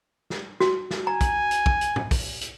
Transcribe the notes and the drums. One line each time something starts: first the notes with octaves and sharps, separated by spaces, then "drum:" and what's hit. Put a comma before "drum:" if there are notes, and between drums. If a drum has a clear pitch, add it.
drum: snare
F#4, drum: snare
drum: snare
G#5 A#5
drum: kick, hi-hat
drum: hi-hat
drum: kick
drum: hi-hat
drum: tom
drum: kick, open hi-hat
drum: hi-hat